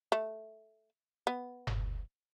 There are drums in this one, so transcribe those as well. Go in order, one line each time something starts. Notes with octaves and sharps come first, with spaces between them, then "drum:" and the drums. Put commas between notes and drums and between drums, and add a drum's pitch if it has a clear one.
A3
B3
drum: tom F#1